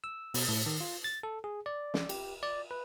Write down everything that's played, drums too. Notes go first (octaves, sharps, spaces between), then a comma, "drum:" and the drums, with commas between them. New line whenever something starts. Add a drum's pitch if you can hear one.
E6
B2, drum: open hi-hat
A2
D#3
F4
A6
A4
G#4
D5
drum: snare
G4, drum: cymbal
D5
B4